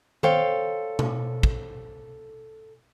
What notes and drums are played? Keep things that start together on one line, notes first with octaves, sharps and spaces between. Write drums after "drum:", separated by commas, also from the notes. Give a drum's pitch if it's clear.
A4 C5 C#5 F5 G5, drum: tom D#3
drum: tom B2
drum: kick